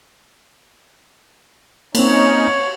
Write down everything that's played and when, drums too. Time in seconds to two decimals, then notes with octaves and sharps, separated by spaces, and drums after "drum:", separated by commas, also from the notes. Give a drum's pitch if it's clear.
1.95 A#3 C4 C#4 D#4 C#5, drum: cymbal